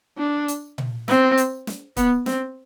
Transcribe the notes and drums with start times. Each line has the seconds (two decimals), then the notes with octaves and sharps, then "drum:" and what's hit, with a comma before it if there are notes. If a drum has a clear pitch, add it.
0.18 D4
0.48 drum: hi-hat
0.78 drum: tom A#2
1.08 C4, drum: snare
1.37 drum: hi-hat
1.67 drum: snare
1.97 B3, drum: kick, hi-hat
2.26 C4, drum: snare